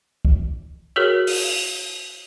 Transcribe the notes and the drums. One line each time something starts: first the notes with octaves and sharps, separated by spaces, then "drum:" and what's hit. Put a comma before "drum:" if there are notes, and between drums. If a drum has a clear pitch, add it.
drum: kick
F#4 G#4 A#4 C#5
drum: open hi-hat